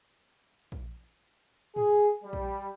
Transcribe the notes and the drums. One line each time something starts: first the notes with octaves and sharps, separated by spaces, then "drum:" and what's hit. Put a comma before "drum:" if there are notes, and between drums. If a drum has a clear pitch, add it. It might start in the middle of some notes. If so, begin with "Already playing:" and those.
drum: kick
G#4, drum: tom
G3
drum: kick